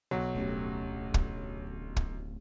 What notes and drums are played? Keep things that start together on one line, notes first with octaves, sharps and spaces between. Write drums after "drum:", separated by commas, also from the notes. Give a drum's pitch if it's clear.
B1 F#3
D1 A3 C#4 G4
drum: kick
drum: kick